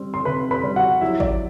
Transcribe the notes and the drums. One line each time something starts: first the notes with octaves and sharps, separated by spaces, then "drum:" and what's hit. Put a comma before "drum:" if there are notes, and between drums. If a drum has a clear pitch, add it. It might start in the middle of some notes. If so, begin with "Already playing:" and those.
Already playing: G3 C4
C6
C3 B4 B5
B4 B5
G3
F#4 F#5
F#3 E4 E5
D5, drum: kick G#1